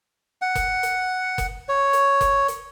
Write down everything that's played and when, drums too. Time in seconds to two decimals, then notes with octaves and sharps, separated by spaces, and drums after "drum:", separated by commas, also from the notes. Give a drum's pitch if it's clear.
0.42 F#5
0.55 drum: kick F#1, hi-hat
0.83 drum: hi-hat
1.38 drum: kick F#1, hi-hat
1.69 C#5
1.93 drum: hi-hat
2.21 drum: kick F#1, hi-hat
2.48 drum: hi-hat